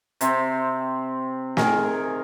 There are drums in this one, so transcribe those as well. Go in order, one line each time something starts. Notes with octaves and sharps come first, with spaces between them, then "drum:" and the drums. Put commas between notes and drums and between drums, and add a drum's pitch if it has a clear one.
C3 C4, drum: hi-hat
D#3 G#4 A#4, drum: snare